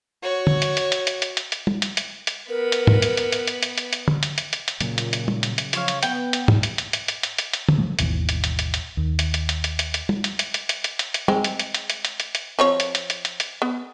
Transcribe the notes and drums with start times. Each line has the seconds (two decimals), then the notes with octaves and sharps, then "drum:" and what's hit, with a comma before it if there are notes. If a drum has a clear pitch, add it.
0.23 F#4 C#5
0.47 drum: tom
0.62 drum: hi-hat
0.77 drum: hi-hat
0.92 drum: hi-hat
1.07 drum: hi-hat
1.22 drum: hi-hat
1.37 drum: hi-hat
1.52 drum: hi-hat
1.67 drum: tom
1.82 drum: hi-hat
1.97 drum: hi-hat
2.27 drum: hi-hat
2.49 B3 A#4 B4 B5
2.72 drum: hi-hat
2.87 drum: tom G#2
3.02 drum: hi-hat
3.17 drum: hi-hat
3.32 drum: hi-hat
3.48 drum: hi-hat
3.63 drum: hi-hat
3.78 drum: hi-hat
3.93 drum: hi-hat
4.08 drum: tom
4.23 drum: hi-hat
4.38 drum: hi-hat
4.53 drum: hi-hat
4.68 drum: hi-hat
4.81 A#2 C#3 F#3, drum: hi-hat
4.98 drum: hi-hat
5.13 drum: hi-hat
5.28 drum: tom
5.43 drum: hi-hat
5.58 drum: hi-hat
5.73 F3 C5 C#5 F5, drum: hi-hat
5.88 drum: hi-hat
6.03 B3 G5, drum: hi-hat
6.33 drum: hi-hat
6.48 drum: tom G#2
6.63 drum: hi-hat
6.78 drum: hi-hat
6.93 drum: hi-hat
7.08 drum: hi-hat
7.23 drum: hi-hat
7.38 drum: hi-hat
7.53 drum: hi-hat
7.69 drum: tom
7.78 D3 F3 F#3 A3
7.99 G#1 D#2 B2 E3, drum: hi-hat
8.29 drum: hi-hat
8.44 drum: hi-hat
8.59 drum: hi-hat
8.74 drum: hi-hat
8.97 D#2
9.19 drum: hi-hat
9.34 drum: hi-hat
9.49 drum: hi-hat
9.64 drum: hi-hat
9.79 drum: hi-hat
9.94 drum: hi-hat
10.09 drum: tom
10.24 drum: hi-hat
10.39 drum: hi-hat
10.54 drum: hi-hat
10.69 drum: hi-hat
10.84 drum: hi-hat
10.99 drum: hi-hat
11.14 drum: hi-hat
11.28 G#3 C4, drum: tom
11.44 drum: hi-hat
11.59 drum: hi-hat
11.75 drum: hi-hat
11.90 drum: hi-hat
12.05 drum: hi-hat
12.20 drum: hi-hat
12.35 drum: hi-hat
12.59 F3 C4 C#5
12.80 drum: hi-hat
12.95 drum: hi-hat
13.10 drum: hi-hat
13.25 drum: hi-hat
13.40 drum: hi-hat
13.62 B3